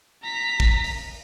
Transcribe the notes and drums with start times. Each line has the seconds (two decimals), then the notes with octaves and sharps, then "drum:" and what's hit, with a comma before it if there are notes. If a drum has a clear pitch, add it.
0.23 A#5 B6
0.60 drum: kick
0.84 drum: open hi-hat